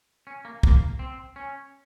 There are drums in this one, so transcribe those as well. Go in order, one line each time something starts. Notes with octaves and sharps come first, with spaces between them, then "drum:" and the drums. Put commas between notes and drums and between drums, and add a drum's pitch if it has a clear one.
C#4
A#3
A#3, drum: kick
C4
C#4